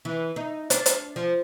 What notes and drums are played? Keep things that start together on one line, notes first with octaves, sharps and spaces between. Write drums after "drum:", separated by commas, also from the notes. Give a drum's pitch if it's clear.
E3
D#4
D4, drum: hi-hat
drum: hi-hat
F3